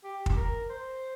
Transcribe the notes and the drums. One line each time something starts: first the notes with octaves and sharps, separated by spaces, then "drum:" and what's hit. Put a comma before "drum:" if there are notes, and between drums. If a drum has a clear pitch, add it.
G4
drum: kick
A#4
C5